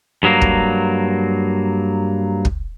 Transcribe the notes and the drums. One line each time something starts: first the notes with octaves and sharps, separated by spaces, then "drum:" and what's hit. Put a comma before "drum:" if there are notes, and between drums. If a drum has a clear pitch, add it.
G2 F#3 A#3
drum: kick
drum: kick